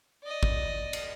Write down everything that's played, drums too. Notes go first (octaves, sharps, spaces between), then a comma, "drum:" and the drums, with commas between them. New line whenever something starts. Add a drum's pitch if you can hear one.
D5 D#5
drum: kick
drum: cymbal